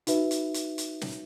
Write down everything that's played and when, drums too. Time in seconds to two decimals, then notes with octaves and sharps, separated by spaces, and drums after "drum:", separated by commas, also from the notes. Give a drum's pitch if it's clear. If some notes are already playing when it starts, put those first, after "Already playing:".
0.07 D#4 F#4 B4 E5, drum: hi-hat
0.31 drum: hi-hat
0.54 drum: hi-hat
0.78 drum: hi-hat
1.01 drum: snare